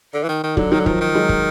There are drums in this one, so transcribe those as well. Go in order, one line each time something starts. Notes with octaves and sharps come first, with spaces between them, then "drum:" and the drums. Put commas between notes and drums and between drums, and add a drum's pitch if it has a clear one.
D3
E3
D#3
D#3
D3 F#3, drum: kick
D#3 F#3
D3
D#3 F3, drum: kick
D#3
F#3 G#3
drum: kick